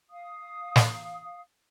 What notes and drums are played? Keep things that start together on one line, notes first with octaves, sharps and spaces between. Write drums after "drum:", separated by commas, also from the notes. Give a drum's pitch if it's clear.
F5 D#6
drum: snare